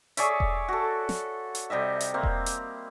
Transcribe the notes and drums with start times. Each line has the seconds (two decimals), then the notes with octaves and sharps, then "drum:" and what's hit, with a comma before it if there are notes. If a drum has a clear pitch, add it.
0.17 G#4 C#5 D5 E5, drum: hi-hat
0.40 drum: kick E1
0.68 F#4 A4
1.09 drum: snare
1.55 drum: hi-hat
1.70 C3 G3 D#5 E5
2.01 drum: hi-hat
2.14 A#3 C4
2.23 drum: kick E1
2.46 drum: hi-hat